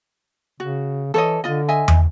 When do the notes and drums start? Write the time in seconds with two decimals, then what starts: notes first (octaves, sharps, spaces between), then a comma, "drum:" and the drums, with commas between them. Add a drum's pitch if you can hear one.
0.60 C#3 F#4
1.14 E3 A4 C#5 D#5
1.44 D3 F4 D#5
1.69 D#5 E5 G#5
1.88 drum: tom E2